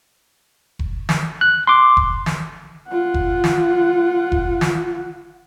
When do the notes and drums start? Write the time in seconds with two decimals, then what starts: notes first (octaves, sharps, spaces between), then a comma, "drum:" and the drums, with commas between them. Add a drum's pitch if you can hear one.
0.79 drum: kick F1
1.09 drum: snare
1.41 F#6
1.67 C6 D6
1.97 drum: kick F1
2.26 drum: snare
2.89 F4 F#5
3.14 drum: kick F1
3.44 drum: snare
4.32 drum: kick F1
4.61 drum: snare